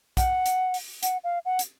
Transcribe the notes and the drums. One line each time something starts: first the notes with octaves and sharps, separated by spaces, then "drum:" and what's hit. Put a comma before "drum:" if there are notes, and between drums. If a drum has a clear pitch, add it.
F#5, drum: kick, hi-hat
drum: hi-hat
drum: open hi-hat
F#5, drum: hi-hat
F5
F#5
drum: hi-hat